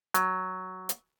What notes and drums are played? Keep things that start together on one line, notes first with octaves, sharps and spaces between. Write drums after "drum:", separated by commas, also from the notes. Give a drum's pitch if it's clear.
F#3, drum: hi-hat
drum: hi-hat